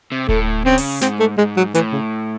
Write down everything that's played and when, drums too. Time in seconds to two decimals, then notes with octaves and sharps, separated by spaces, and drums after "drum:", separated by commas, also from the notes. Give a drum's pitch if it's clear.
0.12 C3
0.29 A2 A3, drum: kick D1
0.65 C#3 C4
0.78 drum: open hi-hat
1.01 G#2 C4, drum: snare
1.20 A3
1.38 G#2 G#3
1.57 F#3
1.75 A2 E3, drum: hi-hat
1.93 C#3